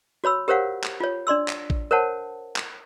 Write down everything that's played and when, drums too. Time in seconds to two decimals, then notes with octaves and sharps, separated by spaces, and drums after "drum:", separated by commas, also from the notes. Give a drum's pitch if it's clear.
0.24 F#4 C#5 B5 E6
0.48 G4 A#4 C5 C#5 F5 F#5
0.84 drum: clap
1.00 F4 C#5
1.27 D4 D5 C6 E6
1.48 drum: clap
1.70 drum: kick A1
1.91 A#4 C5 C#5 F#5 A5
2.56 drum: clap